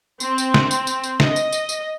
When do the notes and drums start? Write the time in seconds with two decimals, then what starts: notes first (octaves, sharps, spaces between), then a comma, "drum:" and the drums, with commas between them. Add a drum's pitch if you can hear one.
0.20 C4, drum: tambourine
0.38 drum: tambourine
0.54 drum: snare
0.71 drum: tambourine
0.87 drum: tambourine
1.03 drum: tambourine
1.20 D#5, drum: snare
1.36 drum: tambourine
1.52 drum: tambourine
1.69 drum: tambourine